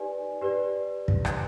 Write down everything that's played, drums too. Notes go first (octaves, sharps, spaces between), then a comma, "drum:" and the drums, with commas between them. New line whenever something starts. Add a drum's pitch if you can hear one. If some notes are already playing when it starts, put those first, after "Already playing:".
Already playing: D#4 G4 B4 D5 G#5
G4 B4 D5
drum: kick
drum: rim click